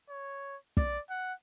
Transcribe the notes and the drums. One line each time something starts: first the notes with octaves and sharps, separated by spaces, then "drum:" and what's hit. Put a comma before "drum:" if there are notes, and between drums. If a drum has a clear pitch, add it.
C#5
D5, drum: kick
F#5